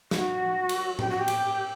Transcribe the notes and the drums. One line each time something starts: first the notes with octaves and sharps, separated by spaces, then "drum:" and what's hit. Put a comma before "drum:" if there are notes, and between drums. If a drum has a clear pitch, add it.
F#4, drum: snare
drum: cymbal
G4, drum: tom G#2
F#4
G4
drum: cymbal